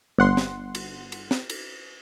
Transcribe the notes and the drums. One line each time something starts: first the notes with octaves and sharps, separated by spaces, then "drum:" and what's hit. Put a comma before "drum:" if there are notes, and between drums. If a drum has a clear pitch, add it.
G1 F#5 C6
drum: snare
drum: cymbal
drum: cymbal
drum: snare
drum: cymbal